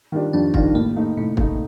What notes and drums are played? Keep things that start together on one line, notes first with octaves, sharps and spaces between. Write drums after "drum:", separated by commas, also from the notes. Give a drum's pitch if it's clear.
D#3 G3 D4 F4
F2 D4
D#3 G3 D4 D#4 F4, drum: kick
A2 A#3
A3 D#4
A2 C3
A3 D#4, drum: kick